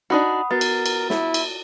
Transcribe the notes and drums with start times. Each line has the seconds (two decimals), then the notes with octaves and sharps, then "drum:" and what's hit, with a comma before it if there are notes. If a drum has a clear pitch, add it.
0.10 D4 D#4 F#4 F#5 B5 D#6
0.51 B3 F#4 A#4 A6
0.61 drum: cymbal
0.86 drum: cymbal
1.10 E4, drum: snare
1.34 drum: cymbal